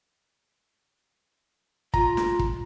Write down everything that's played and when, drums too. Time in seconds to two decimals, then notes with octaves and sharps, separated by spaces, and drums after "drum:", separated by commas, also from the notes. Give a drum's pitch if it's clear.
1.94 F4 A#5, drum: kick
2.17 drum: snare
2.39 drum: kick